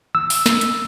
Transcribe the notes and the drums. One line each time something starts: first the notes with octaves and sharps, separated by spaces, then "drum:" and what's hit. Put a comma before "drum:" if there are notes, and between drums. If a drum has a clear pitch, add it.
E6
drum: open hi-hat
drum: snare
drum: hi-hat